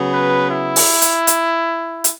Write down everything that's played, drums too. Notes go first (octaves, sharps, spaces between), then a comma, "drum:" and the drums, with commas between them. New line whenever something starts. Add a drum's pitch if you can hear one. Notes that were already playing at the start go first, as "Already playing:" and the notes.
Already playing: C#3 F#3 B3
B4
E4
drum: open hi-hat
drum: hi-hat
drum: hi-hat
drum: hi-hat